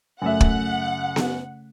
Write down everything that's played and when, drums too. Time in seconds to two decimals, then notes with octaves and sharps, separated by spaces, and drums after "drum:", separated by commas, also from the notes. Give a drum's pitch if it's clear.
0.22 F#2 C#3 A3 E5 F#5
0.41 drum: kick
1.16 drum: snare B3